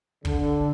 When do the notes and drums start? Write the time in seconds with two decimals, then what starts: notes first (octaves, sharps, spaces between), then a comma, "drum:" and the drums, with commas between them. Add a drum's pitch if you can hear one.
0.25 D3, drum: kick